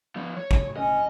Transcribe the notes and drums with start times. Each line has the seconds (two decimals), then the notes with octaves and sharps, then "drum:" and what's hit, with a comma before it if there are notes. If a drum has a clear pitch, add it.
0.16 F3 B3
0.37 C#5
0.51 drum: kick
0.77 C#4 D#5